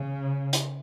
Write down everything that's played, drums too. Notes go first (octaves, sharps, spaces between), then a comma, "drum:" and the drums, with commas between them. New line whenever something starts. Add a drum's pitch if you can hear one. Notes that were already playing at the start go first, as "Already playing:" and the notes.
Already playing: C#3
drum: hi-hat